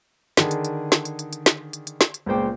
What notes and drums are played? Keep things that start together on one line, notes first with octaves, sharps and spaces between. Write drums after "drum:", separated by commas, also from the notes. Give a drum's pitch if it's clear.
D3 D#3 G#4, drum: snare
drum: hi-hat
drum: hi-hat
drum: snare
drum: hi-hat
drum: hi-hat
drum: hi-hat
drum: snare
drum: hi-hat
drum: hi-hat
drum: snare
drum: hi-hat
C#2 A#2 C#3 C5 G5 D6